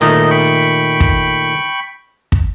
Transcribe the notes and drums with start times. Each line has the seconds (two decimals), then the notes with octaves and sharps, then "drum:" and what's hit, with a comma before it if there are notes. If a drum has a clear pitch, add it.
0.01 A#2 D#3 A3 D#4 D#5
0.31 G5 B5 C#6
1.00 drum: kick
2.32 drum: kick